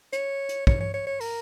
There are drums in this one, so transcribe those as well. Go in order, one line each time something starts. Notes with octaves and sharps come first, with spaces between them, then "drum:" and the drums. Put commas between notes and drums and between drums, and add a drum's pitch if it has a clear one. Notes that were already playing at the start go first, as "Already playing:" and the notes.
C#5, drum: hi-hat
drum: hi-hat
C#5, drum: kick
C#5
C#5
C#5
A#4, drum: open hi-hat